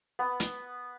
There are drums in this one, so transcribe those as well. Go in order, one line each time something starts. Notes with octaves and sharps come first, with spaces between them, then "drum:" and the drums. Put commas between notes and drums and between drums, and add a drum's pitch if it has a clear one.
B3
drum: hi-hat